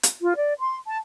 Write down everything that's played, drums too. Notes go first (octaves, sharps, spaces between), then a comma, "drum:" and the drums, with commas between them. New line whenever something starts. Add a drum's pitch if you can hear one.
drum: hi-hat
F4
D5
C6
A5